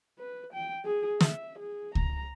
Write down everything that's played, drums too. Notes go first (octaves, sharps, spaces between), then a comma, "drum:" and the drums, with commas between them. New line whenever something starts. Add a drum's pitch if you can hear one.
B4
G5
G#4
E5, drum: snare
G#4
A#5, drum: kick C#2